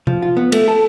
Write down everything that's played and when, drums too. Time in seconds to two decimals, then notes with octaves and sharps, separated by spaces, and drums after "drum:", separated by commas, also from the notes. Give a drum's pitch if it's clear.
0.07 F3, drum: tom C3
0.22 F4
0.37 B3
0.52 A3, drum: cymbal
0.68 A4